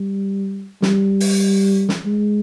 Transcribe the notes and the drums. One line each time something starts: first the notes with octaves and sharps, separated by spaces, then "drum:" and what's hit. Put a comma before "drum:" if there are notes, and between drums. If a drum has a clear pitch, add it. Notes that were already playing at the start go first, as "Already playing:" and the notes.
Already playing: G3
G3, drum: snare
drum: open hi-hat
drum: snare
G#3